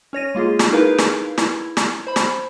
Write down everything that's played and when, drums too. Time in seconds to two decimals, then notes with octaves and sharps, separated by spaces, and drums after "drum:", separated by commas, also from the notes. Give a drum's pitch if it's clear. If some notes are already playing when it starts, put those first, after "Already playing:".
0.13 C#4 C#5 A#6 D#7
0.35 G#3 A#3 F4 G#4
0.59 drum: snare
0.70 D#4 E4 G#4 A#4 B4 F5
0.99 drum: snare
1.38 E4, drum: snare
1.77 drum: snare
2.07 C5 B5
2.16 drum: snare